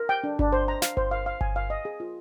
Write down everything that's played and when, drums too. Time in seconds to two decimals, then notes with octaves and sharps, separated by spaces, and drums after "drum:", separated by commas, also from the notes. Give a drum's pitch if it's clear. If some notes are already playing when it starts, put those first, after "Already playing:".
Already playing: A#4
0.09 G5
0.24 D4
0.39 D4, drum: kick G1
0.53 C5
0.68 A#5
0.82 F5, drum: snare
0.97 C5, drum: kick G1
1.11 F5
1.26 F5
1.41 G#5, drum: kick G1
1.56 F5
1.70 D#5
1.85 G#4
2.00 F4